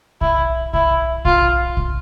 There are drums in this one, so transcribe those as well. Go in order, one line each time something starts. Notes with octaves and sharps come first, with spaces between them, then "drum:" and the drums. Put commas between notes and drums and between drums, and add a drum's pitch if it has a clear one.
E4, drum: kick
E4, drum: kick
F4, drum: kick
drum: kick